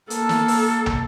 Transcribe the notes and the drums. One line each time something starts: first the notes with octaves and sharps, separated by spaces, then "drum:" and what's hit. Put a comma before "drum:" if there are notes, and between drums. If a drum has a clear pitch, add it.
A#3 A4, drum: hi-hat
drum: snare
drum: open hi-hat
drum: tom